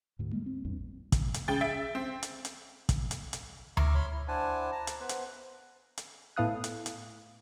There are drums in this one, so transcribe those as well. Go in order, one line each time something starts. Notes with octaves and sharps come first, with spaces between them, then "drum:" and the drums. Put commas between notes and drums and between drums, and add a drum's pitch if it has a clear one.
D2 G#2
G3 G#3 A#3
C4
A1 E2 G2
drum: kick, hi-hat
drum: hi-hat
C#3 G5 A6
E5 A6 D7
C4
drum: hi-hat
drum: hi-hat
drum: kick, hi-hat
drum: hi-hat
drum: hi-hat
E5 A#5 C#6 D6 F6, drum: tom D2
C#5 B5 C6 F6
E4
D4 E4 C5 F#5 G#5 A5
A5 A#5
drum: hi-hat
B3 B4 C5
drum: hi-hat
drum: hi-hat
A2 B3 A4 F5 D#6 F#6
drum: hi-hat
drum: hi-hat